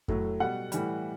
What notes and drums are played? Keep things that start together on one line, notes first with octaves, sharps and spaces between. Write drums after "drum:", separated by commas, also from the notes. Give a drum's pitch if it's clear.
A2 F#3 A3, drum: kick F2
B2 G3 F#5
A2 E3 G3, drum: hi-hat